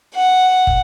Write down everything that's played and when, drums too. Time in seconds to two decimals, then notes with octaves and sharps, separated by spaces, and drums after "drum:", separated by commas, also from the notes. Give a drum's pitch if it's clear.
0.15 F#5
0.67 drum: kick